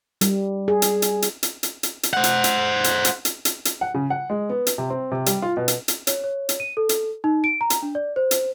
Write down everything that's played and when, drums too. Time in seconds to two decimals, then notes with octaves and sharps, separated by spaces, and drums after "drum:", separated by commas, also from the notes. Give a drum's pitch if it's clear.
0.21 G3, drum: hi-hat
0.68 G#4
0.82 drum: hi-hat
1.02 drum: hi-hat
1.22 drum: hi-hat
1.43 drum: hi-hat
1.63 drum: hi-hat
1.83 drum: hi-hat
2.03 drum: hi-hat
2.13 C5 F#5
2.24 drum: hi-hat
2.44 drum: hi-hat
2.84 drum: hi-hat
3.05 drum: hi-hat
3.25 drum: hi-hat
3.45 drum: hi-hat
3.65 drum: hi-hat
3.81 F#5
3.94 C#3
4.10 F#5
4.30 G#3
4.50 B3
4.67 drum: hi-hat
4.78 C3
4.90 C4
5.11 C3
5.26 G3, drum: hi-hat
5.42 F4
5.57 B2
5.68 drum: hi-hat
5.88 drum: hi-hat
6.07 C#5, drum: hi-hat
6.24 C#5
6.49 drum: hi-hat
6.60 D#7
6.77 A4
6.89 drum: hi-hat
7.24 D#4
7.44 D7
7.61 A#5
7.70 drum: hi-hat
7.82 D4
7.95 D5
8.16 C5
8.31 drum: hi-hat